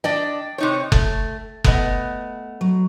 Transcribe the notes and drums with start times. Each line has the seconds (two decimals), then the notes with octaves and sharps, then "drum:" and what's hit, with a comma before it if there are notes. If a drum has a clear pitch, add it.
0.04 D4 D5 D#5 G5
0.58 C3 D#4 C#5
0.92 A3, drum: kick F#1
1.64 A3 B3 D#5, drum: kick F#1
2.61 F#3